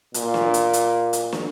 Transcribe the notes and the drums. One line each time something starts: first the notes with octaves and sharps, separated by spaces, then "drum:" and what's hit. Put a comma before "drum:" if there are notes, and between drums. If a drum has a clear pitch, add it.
A#2, drum: hi-hat
drum: snare
drum: hi-hat
drum: hi-hat
drum: hi-hat
drum: snare